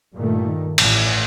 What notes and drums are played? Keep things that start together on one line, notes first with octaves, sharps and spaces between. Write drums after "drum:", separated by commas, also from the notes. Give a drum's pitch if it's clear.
G2 A#2 D#3 A3
A1 A2, drum: cymbal